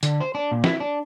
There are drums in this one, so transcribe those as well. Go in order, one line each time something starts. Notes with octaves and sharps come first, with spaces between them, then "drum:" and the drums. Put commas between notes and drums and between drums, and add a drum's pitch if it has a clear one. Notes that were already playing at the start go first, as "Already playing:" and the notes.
D3, drum: hi-hat
C5
D4
A#2
E4, drum: snare
D4